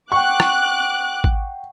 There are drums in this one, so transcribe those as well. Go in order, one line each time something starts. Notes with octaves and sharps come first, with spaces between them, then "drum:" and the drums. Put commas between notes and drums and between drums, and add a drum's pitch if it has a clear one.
F#5 G5 C#6 D6 F#6
drum: rim click
drum: kick G#1